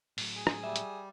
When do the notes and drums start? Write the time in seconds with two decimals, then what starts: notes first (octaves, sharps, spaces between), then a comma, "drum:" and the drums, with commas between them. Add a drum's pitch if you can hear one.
0.18 A2 F#3, drum: open hi-hat
0.35 G#4
0.47 drum: rim click
0.63 G3 E5
0.76 drum: hi-hat